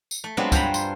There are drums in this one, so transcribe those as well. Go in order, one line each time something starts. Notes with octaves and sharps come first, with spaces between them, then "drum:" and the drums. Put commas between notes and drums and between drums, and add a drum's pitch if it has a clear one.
drum: tambourine
A3
F#3 G#3 B3 C4 D4 F4
G2 C5 G#5 A#5 B5, drum: kick C#2, tambourine
C6, drum: tambourine